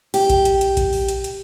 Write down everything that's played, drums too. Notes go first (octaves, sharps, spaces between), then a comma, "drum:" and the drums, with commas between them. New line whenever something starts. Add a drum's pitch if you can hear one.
G4, drum: open hi-hat
drum: kick A1, hi-hat
drum: hi-hat
drum: hi-hat
drum: kick A1, hi-hat
drum: open hi-hat
drum: hi-hat
drum: hi-hat